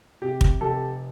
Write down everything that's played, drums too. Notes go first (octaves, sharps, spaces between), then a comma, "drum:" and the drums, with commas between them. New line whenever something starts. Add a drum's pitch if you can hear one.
C3 G4
drum: kick
F1 G4 A4